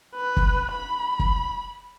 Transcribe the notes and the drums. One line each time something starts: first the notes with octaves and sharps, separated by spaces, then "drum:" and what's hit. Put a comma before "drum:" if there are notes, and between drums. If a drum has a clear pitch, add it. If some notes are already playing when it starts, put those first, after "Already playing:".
B4
drum: kick
B5
drum: kick